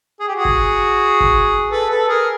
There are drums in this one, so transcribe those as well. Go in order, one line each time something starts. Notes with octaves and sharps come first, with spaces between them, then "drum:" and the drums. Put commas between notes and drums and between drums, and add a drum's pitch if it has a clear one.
G#4
G4
F#4 G#4
drum: kick G#1
drum: kick G#1
A4 B4
A4 B4
G#4 A#4